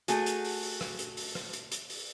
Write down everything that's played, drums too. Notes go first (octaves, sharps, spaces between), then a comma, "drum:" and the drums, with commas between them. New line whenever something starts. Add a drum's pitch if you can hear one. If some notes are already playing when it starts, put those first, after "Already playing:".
A3 F#4 G#4, drum: hi-hat
drum: hi-hat
drum: open hi-hat
drum: open hi-hat
drum: rim click
drum: hi-hat
drum: open hi-hat
drum: rim click
drum: hi-hat
drum: hi-hat
drum: open hi-hat